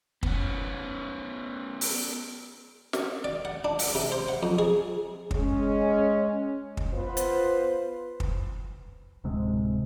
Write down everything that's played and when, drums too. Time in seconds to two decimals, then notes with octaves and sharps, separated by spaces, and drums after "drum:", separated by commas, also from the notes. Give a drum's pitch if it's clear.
0.23 B3 C#4, drum: kick
1.81 drum: open hi-hat
2.93 drum: snare
3.24 D5
3.45 F#5
3.64 D4
3.79 F#5, drum: open hi-hat
3.95 C3
4.12 C5
4.28 F#5
4.43 F2
4.59 G#4
5.31 G#3 C#4, drum: kick
6.77 drum: kick
6.94 B3 F4 B4 C5
7.17 drum: hi-hat
8.20 drum: kick
9.24 D1 C3 G#3